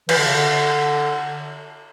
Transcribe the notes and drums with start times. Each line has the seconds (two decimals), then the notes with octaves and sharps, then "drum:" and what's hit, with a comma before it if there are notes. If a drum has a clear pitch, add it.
0.09 E3, drum: cymbal
0.18 D3
0.27 C#3
0.35 D3